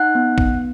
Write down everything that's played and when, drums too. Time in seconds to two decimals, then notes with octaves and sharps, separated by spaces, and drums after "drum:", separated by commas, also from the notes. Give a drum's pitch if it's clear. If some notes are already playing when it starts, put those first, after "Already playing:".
Already playing: D#4 F#5 F#6
0.15 B3
0.38 B3, drum: kick